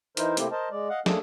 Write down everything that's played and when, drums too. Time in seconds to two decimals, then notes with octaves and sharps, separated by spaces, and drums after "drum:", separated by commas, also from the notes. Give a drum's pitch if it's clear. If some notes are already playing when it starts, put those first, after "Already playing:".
0.17 E3 D#4 E4 A#4 C5, drum: hi-hat
0.37 C3 A3 A#3 C4 E4 G4, drum: hi-hat
0.51 A#4 C5 D#5 A5
0.71 G#3 D5
0.89 D#5 F5 F#5
1.06 A3 A#3 D4 G#4 A4, drum: snare